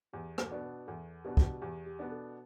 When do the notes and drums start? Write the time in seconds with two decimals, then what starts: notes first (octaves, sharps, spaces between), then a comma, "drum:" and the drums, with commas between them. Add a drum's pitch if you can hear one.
0.13 E2 G4
0.38 A4, drum: rim click
0.51 B2 B3 D4 D5
0.63 B4
0.87 E2 A4
1.24 B2 B3 D4 G4
1.37 drum: kick
1.62 E2 G4
1.86 G4
1.99 B2 B3 D4
2.11 A4